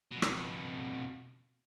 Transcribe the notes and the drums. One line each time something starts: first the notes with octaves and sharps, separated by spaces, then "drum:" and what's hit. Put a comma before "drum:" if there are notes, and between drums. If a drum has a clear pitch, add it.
F2 B2
drum: rim click